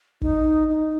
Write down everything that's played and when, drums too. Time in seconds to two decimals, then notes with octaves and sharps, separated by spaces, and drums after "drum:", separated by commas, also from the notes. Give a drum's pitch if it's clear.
0.22 D#4, drum: kick
0.69 D#4